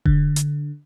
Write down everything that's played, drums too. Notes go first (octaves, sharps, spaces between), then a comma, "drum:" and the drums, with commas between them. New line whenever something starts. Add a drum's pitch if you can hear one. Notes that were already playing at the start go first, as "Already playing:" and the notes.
D3, drum: kick E1
drum: hi-hat